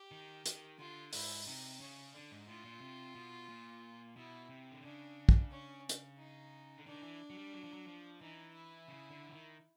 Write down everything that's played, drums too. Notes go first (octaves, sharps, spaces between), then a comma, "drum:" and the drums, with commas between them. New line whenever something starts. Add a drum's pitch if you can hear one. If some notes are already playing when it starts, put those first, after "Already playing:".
Already playing: G4
D#3
D#3, drum: hi-hat
D3 F4
G#2 E4, drum: open hi-hat
C3 D#4
C#3 C#4
D3 D4
G#2
A2 F4
A#2
C3
B2
A#2
B2 E4
C3
D3
C#3 D4
drum: kick
C#4
drum: hi-hat
D#4
D3
D#3 D4
E3
F#3
G3
F#3
F3
F#3
F3
E3 D#4
E4
C#3
D3
E3
D#3